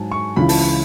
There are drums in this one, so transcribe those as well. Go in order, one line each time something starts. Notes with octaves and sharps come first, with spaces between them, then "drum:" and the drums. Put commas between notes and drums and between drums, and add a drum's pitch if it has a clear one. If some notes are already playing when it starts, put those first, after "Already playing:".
Already playing: G#2 F#3 G#5 A5
C#6
C#2 C#3 E3 B5
A5, drum: open hi-hat
B5